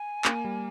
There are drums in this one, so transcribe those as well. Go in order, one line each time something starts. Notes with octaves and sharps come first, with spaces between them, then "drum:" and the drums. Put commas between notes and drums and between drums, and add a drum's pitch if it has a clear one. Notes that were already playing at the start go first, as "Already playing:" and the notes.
Already playing: G#5
A#3, drum: clap
G3